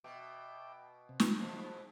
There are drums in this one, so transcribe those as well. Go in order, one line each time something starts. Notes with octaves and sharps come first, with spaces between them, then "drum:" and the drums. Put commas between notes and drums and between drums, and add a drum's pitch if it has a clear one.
B2 E5 G5 D6
C3
drum: snare
B2 E3 F3 G#3